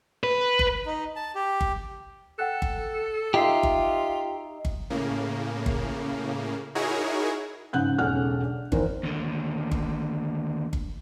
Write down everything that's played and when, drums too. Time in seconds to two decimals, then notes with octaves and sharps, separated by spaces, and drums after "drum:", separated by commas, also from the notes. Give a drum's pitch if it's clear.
0.23 B4
0.59 drum: kick G1
0.86 D#4
1.16 A5
1.35 G4
1.61 drum: kick G1
2.39 A4 F#5 G5 F#6
2.62 drum: kick G1
3.34 D#4 F4 G4 E5 A#5 C7
3.63 drum: kick G1
4.65 drum: kick G1
4.90 A2 C#3 A#3
5.66 drum: kick G1
6.75 D#4 E4 F#4 G#4 A#4 C#5
7.73 G#2 C#3 F#5 F#6 G6
7.98 E1 B1 C#4 A4 F#5 F6
8.43 D4
8.72 E2 D#3 E3 A#4 C5, drum: kick G1
9.03 D#2 D3
9.72 drum: kick G1
10.73 drum: kick G1